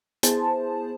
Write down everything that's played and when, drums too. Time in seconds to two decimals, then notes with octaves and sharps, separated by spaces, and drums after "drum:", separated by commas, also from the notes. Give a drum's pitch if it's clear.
0.23 B3 E4 G#4 C5 A5, drum: hi-hat